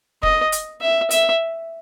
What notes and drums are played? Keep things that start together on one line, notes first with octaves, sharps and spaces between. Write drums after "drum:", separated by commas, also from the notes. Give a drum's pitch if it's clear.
D#5, drum: kick
drum: hi-hat
E5
E5, drum: hi-hat